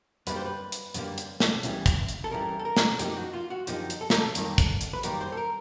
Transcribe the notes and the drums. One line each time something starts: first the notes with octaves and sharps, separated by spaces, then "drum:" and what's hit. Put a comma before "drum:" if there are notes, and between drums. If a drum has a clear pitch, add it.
F#2 D3 G3 A#3 B4, drum: hi-hat
C5
B4
drum: hi-hat
F#2 D3 G3 A#3, drum: hi-hat
drum: hi-hat
drum: snare
C#2 C#3 E3 G3, drum: hi-hat
drum: kick, hi-hat
drum: hi-hat
A4
C#2 C#3 E3 G3 A#4
A4
A#4
drum: snare
F#2 D3 F3 A#3 D#4 G4, drum: hi-hat
F#4
F4
F#4
F#2 D3 F3 A#3 D#4 G4, drum: hi-hat
drum: hi-hat
A4
A#4, drum: snare
A4
F#2 D#3 G3 A#3, drum: hi-hat
drum: kick, hi-hat
drum: hi-hat
B4
F#2 D#3 G3 A#3 A#4, drum: hi-hat
C5
A4
A#4